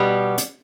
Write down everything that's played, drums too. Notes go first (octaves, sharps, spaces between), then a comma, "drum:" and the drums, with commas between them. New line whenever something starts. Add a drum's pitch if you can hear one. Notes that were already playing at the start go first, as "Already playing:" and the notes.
Already playing: B2 G3 B3
drum: hi-hat